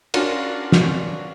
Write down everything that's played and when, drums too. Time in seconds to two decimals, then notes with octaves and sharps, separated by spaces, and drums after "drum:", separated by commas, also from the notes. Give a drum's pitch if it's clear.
0.14 C#4 D4 F4 F#4 A#4, drum: cymbal
0.72 drum: snare